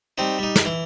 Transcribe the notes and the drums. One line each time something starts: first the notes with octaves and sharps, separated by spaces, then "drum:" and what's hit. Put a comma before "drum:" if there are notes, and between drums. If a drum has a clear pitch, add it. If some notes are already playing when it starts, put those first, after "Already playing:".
G3 C4 D#4
G3 D#4
drum: snare
E3